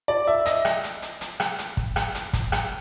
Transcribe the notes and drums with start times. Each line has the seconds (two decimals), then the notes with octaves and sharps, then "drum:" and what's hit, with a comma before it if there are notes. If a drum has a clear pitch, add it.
0.08 D5
0.27 E5
0.46 D#5, drum: hi-hat
0.65 drum: rim click
0.83 drum: hi-hat
1.02 drum: hi-hat
1.21 drum: hi-hat
1.40 drum: rim click
1.58 drum: hi-hat
1.77 drum: kick
1.96 drum: rim click
2.15 drum: hi-hat
2.33 drum: kick, hi-hat
2.52 drum: rim click